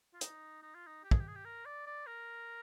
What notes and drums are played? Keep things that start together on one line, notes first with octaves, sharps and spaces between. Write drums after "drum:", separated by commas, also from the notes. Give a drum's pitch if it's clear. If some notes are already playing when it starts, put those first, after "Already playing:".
F4
D#4, drum: hi-hat
D#4
F4
D#4
G4
G#4, drum: kick
G4
G#4
G4
A#4
D5
D5
A#4